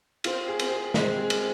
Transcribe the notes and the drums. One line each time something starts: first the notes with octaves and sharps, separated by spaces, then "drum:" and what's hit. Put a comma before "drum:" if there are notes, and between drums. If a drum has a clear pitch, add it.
C4 F4, drum: cymbal
G#4
C4, drum: cymbal
G#4
G#3 C4, drum: snare
G#4
drum: cymbal